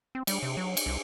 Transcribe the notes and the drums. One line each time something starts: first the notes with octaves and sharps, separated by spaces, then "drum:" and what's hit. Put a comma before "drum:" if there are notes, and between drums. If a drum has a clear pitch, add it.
C4
G3, drum: cymbal
C3
F#3
drum: cymbal
C2